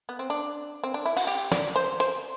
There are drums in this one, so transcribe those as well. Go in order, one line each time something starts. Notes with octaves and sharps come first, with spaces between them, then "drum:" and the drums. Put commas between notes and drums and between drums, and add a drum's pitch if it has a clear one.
B3
C4
D4
C4
D4
E4
F#4, drum: cymbal
G4
D5, drum: snare
C5
C5, drum: hi-hat